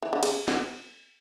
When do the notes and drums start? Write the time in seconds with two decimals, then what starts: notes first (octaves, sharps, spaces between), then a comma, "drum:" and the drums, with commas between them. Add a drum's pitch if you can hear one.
0.02 E3
0.13 D3
0.23 C#3, drum: cymbal
0.48 D3, drum: snare